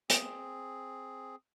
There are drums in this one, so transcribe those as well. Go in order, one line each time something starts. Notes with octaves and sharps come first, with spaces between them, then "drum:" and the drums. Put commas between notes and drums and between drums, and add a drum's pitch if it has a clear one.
C4 G#4, drum: hi-hat